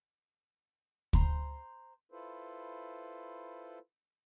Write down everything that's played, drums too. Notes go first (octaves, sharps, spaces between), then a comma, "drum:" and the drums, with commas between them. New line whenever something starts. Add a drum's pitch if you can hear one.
C5 A#5 C6, drum: kick
E4 F4 A4 B4 C5